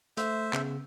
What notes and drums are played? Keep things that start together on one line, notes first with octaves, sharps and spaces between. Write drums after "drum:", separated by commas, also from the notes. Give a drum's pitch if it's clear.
A3 C5 E5, drum: hi-hat
C#3 B3, drum: clap